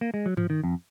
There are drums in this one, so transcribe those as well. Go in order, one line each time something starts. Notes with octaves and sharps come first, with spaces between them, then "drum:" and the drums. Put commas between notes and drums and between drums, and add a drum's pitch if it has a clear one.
A#3
G#3
F#3
F3, drum: tom G2
D#3
F2